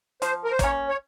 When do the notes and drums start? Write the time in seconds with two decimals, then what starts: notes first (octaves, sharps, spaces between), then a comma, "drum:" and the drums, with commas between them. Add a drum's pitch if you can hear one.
0.22 F3 C5, drum: hi-hat
0.45 A#4
0.52 C5
0.59 A#3 C#4 C#5, drum: kick, hi-hat
0.89 C#5